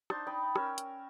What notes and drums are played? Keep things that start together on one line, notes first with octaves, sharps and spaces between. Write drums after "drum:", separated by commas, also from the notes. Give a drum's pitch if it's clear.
D4 D#4 C5 A5, drum: rim click
D#4 D#5 G5 B5
C#4 A#4 E6, drum: rim click
drum: hi-hat